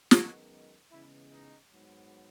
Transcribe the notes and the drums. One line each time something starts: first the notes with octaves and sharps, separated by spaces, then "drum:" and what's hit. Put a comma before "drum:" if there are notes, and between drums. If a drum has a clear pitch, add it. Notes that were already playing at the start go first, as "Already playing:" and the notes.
F#2 D#3 G#3 B3 F#4, drum: snare
C#3 E3 G#3 B3 E4
D#4
G#2 F#3 B3